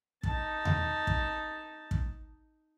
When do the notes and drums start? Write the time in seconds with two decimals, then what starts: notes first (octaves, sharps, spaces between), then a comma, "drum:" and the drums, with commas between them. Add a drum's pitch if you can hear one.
0.23 D#4 A5, drum: kick
0.65 drum: tom D#2
1.07 drum: kick
1.91 drum: kick